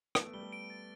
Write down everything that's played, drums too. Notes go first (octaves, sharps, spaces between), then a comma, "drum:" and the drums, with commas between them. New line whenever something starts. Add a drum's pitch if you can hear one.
B3 D7, drum: rim click
A3
G3 G7
A3
D7
A6